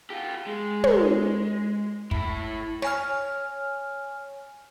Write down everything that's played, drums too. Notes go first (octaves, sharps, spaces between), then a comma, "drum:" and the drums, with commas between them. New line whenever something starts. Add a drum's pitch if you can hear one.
F4 G4
G#3
drum: tom
A2 E4, drum: kick
C#5 G#5 F6, drum: snare